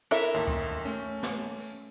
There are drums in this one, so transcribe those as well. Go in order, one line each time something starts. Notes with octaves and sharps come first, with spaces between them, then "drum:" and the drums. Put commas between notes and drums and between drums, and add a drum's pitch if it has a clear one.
E4 A4 A#4 E5 A#5 E7, drum: tambourine
A1 D#2 C6
drum: kick C#2, tambourine
A3 C#4, drum: tambourine
drum: snare
drum: tambourine